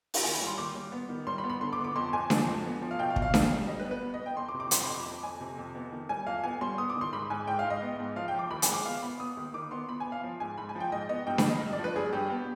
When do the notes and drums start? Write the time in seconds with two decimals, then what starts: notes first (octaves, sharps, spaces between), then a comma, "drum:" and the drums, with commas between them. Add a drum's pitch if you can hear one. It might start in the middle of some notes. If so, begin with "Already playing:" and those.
0.14 drum: open hi-hat
0.23 D#2 G#5
0.34 B5
0.41 G3
0.46 C6
0.58 D#2 D6
0.75 G3
0.92 B3
1.09 D#3
1.27 G3 C6
1.38 B5
1.44 B3
1.50 B5
1.61 D3 C6
1.73 D6
1.78 B3
1.84 D6
1.96 F2 C6
2.13 F2 G#5
2.30 F3, drum: snare D4
2.47 F2
2.64 B3
2.82 F3
2.91 F5
2.99 B2 G5
3.10 F5
3.16 B2, drum: kick
3.22 F5
3.34 B2, drum: snare D4
3.51 G3
3.68 G3 D#5
3.80 B4
3.85 B3
3.91 B4
4.03 B3
4.14 D#5
4.20 B3
4.26 G5
4.37 F2 C6
4.48 D6
4.54 C3
4.60 D6
4.71 F2 C6, drum: hi-hat
4.83 B5
4.89 F2
4.94 D6
5.06 F2 B5
5.23 F2 G#5
5.41 C3
5.58 F2
5.75 B3
5.92 D#3
6.09 G3 G#5
6.27 F2 F5
6.43 B3 G#5
6.61 G3 C6
6.78 B3 D#6
6.90 D6
6.95 D#3
7.01 C6
7.13 G#2 B5
7.30 G#2 G#5
7.47 G#2 G5
7.59 F5
7.64 G#2
7.70 D#5
7.82 B3
7.99 G#2
8.16 F3 F5
8.28 G5
8.34 F3
8.39 D6
8.51 D#2 B5
8.62 G#5, drum: hi-hat
8.68 G#3
8.74 D6
8.85 B3 F5
9.02 B3 B5
9.20 B3 D#6
9.37 D#2
9.54 D#3 D6
9.71 B3 C6
9.89 B3 B5
10.00 G#5
10.06 B3
10.12 F5
10.23 F3
10.40 G#2 G#5
10.58 G#2 B5
10.69 G#5
10.75 F3
10.80 G5
10.92 G#2 D#5
11.09 B3 D#5
11.27 G2 G5
11.38 B5, drum: snare D4
11.44 G2
11.50 D#5
11.61 G2
11.73 D5
11.79 F3
11.84 B4
11.96 G2 G#4
12.13 G2 G4
12.30 B3